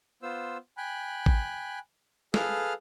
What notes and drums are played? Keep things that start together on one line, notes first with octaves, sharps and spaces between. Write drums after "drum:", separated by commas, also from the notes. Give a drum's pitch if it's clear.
B3 F4 C5 E6
G5 G#5 B5 F#6
drum: kick A1
G#4 A4 B4 F5 F6, drum: snare